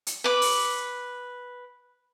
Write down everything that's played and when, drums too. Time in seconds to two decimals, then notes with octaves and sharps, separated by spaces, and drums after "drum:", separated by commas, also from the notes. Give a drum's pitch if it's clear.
0.07 drum: hi-hat
0.24 B4 D6
0.42 drum: open hi-hat